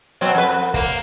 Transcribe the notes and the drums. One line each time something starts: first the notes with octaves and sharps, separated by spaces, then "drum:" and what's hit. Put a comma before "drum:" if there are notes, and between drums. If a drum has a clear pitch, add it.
B2 F#3 C4, drum: hi-hat
F2 B4
A#3, drum: kick, open hi-hat